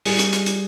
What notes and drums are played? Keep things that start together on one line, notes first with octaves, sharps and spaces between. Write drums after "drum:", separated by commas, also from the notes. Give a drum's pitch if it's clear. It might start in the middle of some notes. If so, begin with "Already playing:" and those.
G3 G#4, drum: open hi-hat
drum: hi-hat
drum: hi-hat
drum: hi-hat